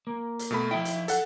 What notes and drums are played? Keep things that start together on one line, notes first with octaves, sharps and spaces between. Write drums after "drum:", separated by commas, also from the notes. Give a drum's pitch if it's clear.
A#3
drum: hi-hat
B2 A3 B5
F3 E4 E5 G5
drum: hi-hat
A4 F#5, drum: hi-hat